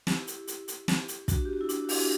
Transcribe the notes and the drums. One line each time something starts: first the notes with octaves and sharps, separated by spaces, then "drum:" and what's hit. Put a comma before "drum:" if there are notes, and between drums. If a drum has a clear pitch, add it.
E4 G4, drum: snare
drum: hi-hat
drum: hi-hat
drum: hi-hat
drum: snare
drum: hi-hat
D4 F#4, drum: kick, hi-hat
G4
F#4
E4
D4, drum: hi-hat
F#4
E4 G4, drum: open hi-hat